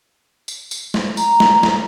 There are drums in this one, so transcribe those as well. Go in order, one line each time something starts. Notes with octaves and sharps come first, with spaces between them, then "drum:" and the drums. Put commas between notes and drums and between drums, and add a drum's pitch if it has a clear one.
drum: tambourine
drum: tambourine
drum: snare
A#5, drum: tambourine
drum: snare
drum: snare